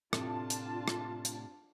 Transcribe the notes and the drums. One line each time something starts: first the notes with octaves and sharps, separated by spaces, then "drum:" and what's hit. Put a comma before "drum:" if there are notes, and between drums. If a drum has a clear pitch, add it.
A2 C3 D4 F4 A5, drum: rim click
drum: hi-hat
drum: rim click
drum: hi-hat